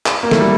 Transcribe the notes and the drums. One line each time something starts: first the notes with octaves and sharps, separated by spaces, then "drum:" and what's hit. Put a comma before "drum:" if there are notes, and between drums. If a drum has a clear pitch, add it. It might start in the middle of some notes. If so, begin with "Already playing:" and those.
drum: clap
A#3
A3, drum: snare
G3